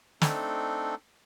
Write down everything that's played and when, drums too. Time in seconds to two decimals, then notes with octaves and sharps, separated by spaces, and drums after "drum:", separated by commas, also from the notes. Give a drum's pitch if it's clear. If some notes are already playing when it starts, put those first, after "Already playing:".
0.22 A3 C4 D4 D#4 A4, drum: snare